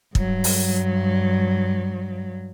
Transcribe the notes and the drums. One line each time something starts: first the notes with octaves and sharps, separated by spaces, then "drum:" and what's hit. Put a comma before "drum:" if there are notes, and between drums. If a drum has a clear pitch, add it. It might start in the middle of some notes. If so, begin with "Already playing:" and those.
G2 F#3, drum: kick
drum: open hi-hat